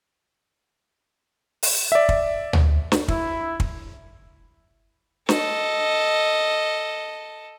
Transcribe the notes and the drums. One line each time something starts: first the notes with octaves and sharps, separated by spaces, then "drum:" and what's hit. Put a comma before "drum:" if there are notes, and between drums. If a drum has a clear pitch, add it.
drum: open hi-hat
D5 E5
drum: kick
drum: tom
drum: snare
E4, drum: kick
drum: kick
A4 D#5, drum: snare